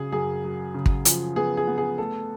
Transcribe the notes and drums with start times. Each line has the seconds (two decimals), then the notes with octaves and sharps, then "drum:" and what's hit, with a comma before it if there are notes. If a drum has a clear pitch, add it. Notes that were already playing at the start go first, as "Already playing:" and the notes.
Already playing: C#3 F#3 G#4
0.12 F#2 G#4
0.44 F#3
0.74 C#3
0.86 drum: kick
1.05 F3, drum: hi-hat
1.36 B3 G#4
1.57 G#4
1.67 B3
1.78 G#4
1.98 A3 A4